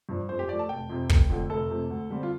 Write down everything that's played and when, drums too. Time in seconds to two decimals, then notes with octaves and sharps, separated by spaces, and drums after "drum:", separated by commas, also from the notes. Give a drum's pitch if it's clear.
0.09 G2 F3 D4
0.29 F2 C5
0.39 G4
0.49 F3 A3 D5
0.59 A5
0.69 F1 G5
0.89 F2 C3
1.09 F1, drum: kick
1.30 F2 D3 A3
1.50 F1 A4
1.70 F2 C3 A3
1.90 D2
2.10 D3 G3 C4
2.23 F4